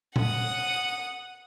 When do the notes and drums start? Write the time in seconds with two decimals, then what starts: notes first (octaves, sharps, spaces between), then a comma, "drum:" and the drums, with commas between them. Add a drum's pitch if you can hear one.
0.16 F#5 D#6, drum: tom A#2